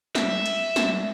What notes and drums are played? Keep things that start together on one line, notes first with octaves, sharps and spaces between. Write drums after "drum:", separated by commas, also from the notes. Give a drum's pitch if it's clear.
E5, drum: snare
drum: cymbal
drum: snare